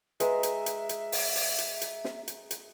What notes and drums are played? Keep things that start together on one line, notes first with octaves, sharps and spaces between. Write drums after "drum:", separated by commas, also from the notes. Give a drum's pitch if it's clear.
G#3 B4 E5 A#5, drum: hi-hat
drum: hi-hat
drum: hi-hat
drum: hi-hat
drum: open hi-hat
drum: open hi-hat
drum: hi-hat
drum: hi-hat
drum: snare
drum: hi-hat
drum: hi-hat